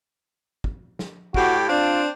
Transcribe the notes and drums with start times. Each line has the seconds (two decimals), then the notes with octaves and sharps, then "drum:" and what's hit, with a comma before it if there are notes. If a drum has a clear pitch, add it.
0.64 drum: kick
0.99 drum: snare
1.34 A2 F#4 G4, drum: kick
1.68 C4 D4 F4